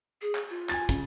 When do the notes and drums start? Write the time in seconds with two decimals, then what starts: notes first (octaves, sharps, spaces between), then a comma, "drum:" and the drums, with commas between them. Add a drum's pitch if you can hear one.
0.22 G#4
0.35 drum: clap
0.50 F4
0.69 G#5 G#6 A6, drum: clap
0.89 C#3, drum: kick, hi-hat